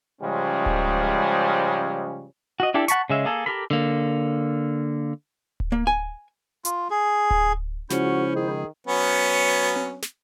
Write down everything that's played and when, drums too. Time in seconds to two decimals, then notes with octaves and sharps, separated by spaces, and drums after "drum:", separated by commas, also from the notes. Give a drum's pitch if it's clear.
0.22 G#2 C#3 F3 G3 G#3 C#4
0.66 drum: kick D1
2.60 F#4 D#5
2.74 D4 E4 G4 A4
2.88 F#5 A5 B5 C#6, drum: hi-hat
3.10 C#3 G#3 E5
3.25 A#3 G#4 A4
3.46 G4 A4 A#4 B5
3.71 D3 A#3
5.60 drum: kick D1
5.72 A#3
5.87 G#5
6.65 F4, drum: hi-hat
6.90 G#4
7.31 drum: kick D1
7.90 C#3 F3 G#3 C#4 E4 F#4 C5, drum: snare
8.36 D#3 G#4
8.87 F#3 B3 C#4
9.76 drum: tom C4
10.02 drum: snare